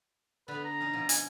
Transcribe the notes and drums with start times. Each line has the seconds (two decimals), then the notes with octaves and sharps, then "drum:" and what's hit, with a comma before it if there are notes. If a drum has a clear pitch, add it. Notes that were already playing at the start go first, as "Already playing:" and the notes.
0.48 D3 B3 B4
0.65 A#5
0.80 C#4 D#4
0.93 B2 F3
1.09 G#5, drum: hi-hat